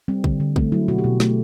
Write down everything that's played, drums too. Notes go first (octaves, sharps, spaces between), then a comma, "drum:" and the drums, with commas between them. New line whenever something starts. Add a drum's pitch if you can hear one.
G3 C4
D3, drum: kick
D3
A3 C4, drum: kick
F#3 E4
B2 F#4
G4
B2
A3, drum: snare